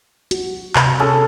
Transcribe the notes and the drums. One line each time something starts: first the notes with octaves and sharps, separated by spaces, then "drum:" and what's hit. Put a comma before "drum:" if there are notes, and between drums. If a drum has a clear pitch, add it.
F#4, drum: hi-hat
C3, drum: clap
C#4 G#4 A4